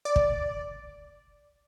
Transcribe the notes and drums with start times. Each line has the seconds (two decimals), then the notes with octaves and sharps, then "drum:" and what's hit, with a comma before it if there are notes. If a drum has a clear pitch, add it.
0.05 D5
0.16 drum: kick